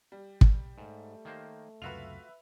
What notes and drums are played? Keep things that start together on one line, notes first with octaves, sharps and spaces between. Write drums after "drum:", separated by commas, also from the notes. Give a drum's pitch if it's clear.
G3
drum: kick
G#2 A3
D#3 A#3 C5
C#2 F#2 C3 F4 F#4 B4 E5 F7